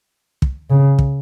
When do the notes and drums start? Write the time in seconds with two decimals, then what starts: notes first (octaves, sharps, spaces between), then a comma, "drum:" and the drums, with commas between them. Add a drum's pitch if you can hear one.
0.42 drum: kick
0.70 C#3
0.99 drum: kick